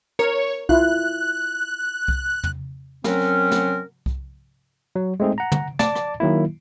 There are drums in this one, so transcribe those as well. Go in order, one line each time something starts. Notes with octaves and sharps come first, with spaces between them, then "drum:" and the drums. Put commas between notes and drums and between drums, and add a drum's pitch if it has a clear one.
A#4 C#5, drum: hi-hat
E4 F4 F#6, drum: kick C2
drum: kick C2
drum: tom
F#3 C4 C#4 A#4, drum: snare
drum: snare
drum: kick C2
F#3
G#3 A3 C4 D#4 G#4
F#5 A#5
drum: tom
D5 A5 D6 A6, drum: snare
drum: rim click
D#3 F#3 A#3 E4